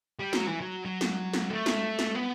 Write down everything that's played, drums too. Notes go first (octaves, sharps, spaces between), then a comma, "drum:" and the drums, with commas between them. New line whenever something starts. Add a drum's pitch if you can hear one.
G3
F#3, drum: snare
E3
F#3
F#3
drum: snare
drum: snare
A3
drum: snare
drum: snare
B3